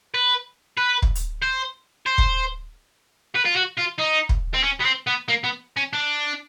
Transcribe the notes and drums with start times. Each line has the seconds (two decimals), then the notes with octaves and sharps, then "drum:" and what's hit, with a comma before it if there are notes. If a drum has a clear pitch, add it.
0.14 B4
0.77 B4
1.02 drum: kick
1.15 drum: hi-hat
1.42 C5
2.06 C5
2.18 drum: kick
3.35 B4
3.45 F4
3.56 F#4
3.78 F4
3.99 D#4
4.29 drum: kick
4.54 C4
4.63 C#4
4.80 B3
4.85 C4
5.07 B3
5.28 A#3
5.44 B3
5.77 C#4
5.93 D4